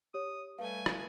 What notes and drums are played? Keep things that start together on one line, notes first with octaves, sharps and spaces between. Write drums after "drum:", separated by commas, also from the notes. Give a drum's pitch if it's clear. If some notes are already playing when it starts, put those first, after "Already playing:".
G4 C#5 D#6
G3 A3 B4 F5 G#5
drum: rim click